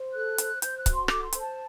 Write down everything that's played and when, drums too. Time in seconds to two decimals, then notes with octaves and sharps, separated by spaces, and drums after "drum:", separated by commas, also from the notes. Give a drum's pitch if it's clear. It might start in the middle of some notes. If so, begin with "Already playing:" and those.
Already playing: C5
0.14 A4 F#6
0.38 C5, drum: hi-hat
0.62 C5 G6, drum: hi-hat
0.77 F#6
0.86 F#4, drum: kick C#1, hi-hat
0.93 C6
1.08 A4 D6, drum: rim click
1.24 C6
1.33 C5, drum: hi-hat
1.40 A5